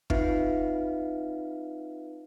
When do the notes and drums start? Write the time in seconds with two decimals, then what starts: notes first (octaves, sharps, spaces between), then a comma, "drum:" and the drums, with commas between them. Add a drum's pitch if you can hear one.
0.10 C4 D#4 F4 B4 E5 F5, drum: kick